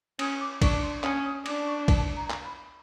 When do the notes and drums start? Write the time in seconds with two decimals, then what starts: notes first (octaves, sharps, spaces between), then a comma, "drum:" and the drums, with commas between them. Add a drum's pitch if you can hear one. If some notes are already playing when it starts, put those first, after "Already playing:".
0.19 C#4 D#6, drum: cymbal
0.40 D6
0.62 D4 C#6, drum: kick, cymbal
0.83 C6
1.03 C#4 D#6, drum: clap
1.25 D#6
1.46 D4 D6, drum: cymbal
1.67 C#6
1.88 A5, drum: kick, cymbal
2.16 A#5
2.30 drum: clap
2.44 B5